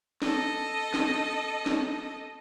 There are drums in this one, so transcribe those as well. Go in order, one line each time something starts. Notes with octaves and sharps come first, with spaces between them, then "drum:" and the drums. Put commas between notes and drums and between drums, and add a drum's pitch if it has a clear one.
A4 D#5, drum: snare
drum: snare
drum: snare